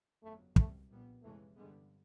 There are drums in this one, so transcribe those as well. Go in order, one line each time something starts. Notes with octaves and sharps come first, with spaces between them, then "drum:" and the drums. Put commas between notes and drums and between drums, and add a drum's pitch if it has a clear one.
G1 F2 C#3 F#3 A3
C2 B2 G3 A3, drum: kick
A#1 A#2 G3 B3
F2 C3 E3 G#3 A3 C#4
G2 D3 G3 G#3 B3